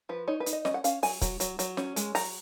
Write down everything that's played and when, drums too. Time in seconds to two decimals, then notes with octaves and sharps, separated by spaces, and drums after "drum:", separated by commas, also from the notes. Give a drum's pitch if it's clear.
0.09 F3 B4
0.28 D#4 C#5
0.40 B4
0.46 D#4, drum: hi-hat
0.53 D#5
0.65 C#4 D#5, drum: snare
0.74 F#5
0.84 C#4 F5, drum: hi-hat
1.03 F#3 G#5, drum: open hi-hat
1.22 F#3, drum: kick, hi-hat
1.40 F#3, drum: hi-hat
1.59 F#3, drum: hi-hat
1.77 C#4, drum: snare
1.96 G#3, drum: hi-hat
2.15 F#3 A#5, drum: open hi-hat